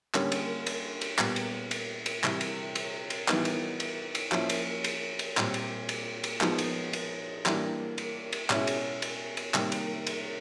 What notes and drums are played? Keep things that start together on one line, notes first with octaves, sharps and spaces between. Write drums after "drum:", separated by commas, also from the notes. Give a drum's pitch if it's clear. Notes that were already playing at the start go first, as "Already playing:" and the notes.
D3 G3 A#3 C#4, drum: clap
drum: cymbal
drum: cymbal
drum: cymbal
A#2 G3 B3, drum: clap
drum: cymbal
drum: cymbal
drum: cymbal
C3 E3 G3, drum: clap
drum: cymbal
drum: cymbal
drum: cymbal
E3 G3 B3 D#4, drum: clap
drum: cymbal
drum: cymbal
drum: cymbal
F3 A#3 C#4 E4, drum: clap
drum: cymbal
drum: cymbal
drum: cymbal
A#2 G3 C4, drum: clap
drum: cymbal
drum: cymbal
drum: cymbal
F3 G#3 B3 D#4, drum: clap
drum: cymbal
drum: cymbal
E3 G3 A#3 D4, drum: clap
drum: cymbal
drum: cymbal
B2 G#3 C#4 E4, drum: clap
drum: cymbal
drum: cymbal
drum: cymbal
C3 D#3 G3 A#3, drum: clap
drum: cymbal
drum: cymbal